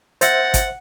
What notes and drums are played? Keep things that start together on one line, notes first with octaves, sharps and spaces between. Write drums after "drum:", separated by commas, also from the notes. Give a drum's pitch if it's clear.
C5 E5 F#5 G6 A6 A#6, drum: hi-hat
drum: kick, hi-hat